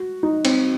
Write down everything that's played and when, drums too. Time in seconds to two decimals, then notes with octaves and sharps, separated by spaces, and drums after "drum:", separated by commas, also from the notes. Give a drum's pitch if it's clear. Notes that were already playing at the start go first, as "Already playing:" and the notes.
Already playing: F#4
0.23 D#4
0.45 C4, drum: cymbal